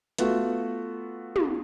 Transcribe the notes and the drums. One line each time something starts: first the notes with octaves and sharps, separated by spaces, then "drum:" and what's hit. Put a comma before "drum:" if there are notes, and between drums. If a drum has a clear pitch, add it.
A3 B3 F4 F#4, drum: hi-hat
drum: tom